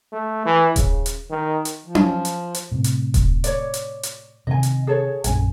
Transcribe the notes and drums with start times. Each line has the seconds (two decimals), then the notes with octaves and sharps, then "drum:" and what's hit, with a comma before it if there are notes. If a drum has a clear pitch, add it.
0.12 A3
0.45 E3
0.76 C#3, drum: kick D#1, hi-hat
1.06 drum: hi-hat
1.30 D#3
1.65 drum: hi-hat
1.86 F3
1.95 drum: tom C#4
2.25 drum: hi-hat
2.55 drum: hi-hat
2.72 A2 C3
2.84 drum: hi-hat
3.14 drum: kick D#1, hi-hat
3.44 C#5 D5, drum: hi-hat
3.74 drum: hi-hat
4.03 drum: hi-hat
4.47 C3 D#3 D#5 G#5
4.63 drum: hi-hat
4.87 G#4 A4 C#5
5.24 A#1 F#2 C#4 G#5, drum: hi-hat